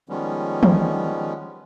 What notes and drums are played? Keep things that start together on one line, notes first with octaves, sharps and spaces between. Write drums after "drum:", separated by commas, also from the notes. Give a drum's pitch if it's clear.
D#3 F3 G3 G#3 B3 C#4
drum: tom